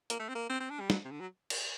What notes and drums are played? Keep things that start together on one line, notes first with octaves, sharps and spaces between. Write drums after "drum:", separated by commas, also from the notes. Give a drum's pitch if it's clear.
A#3, drum: hi-hat
A3
C4
A#3
C4
C4
D4
G3
F#3, drum: snare
C3
D3
F#3
drum: cymbal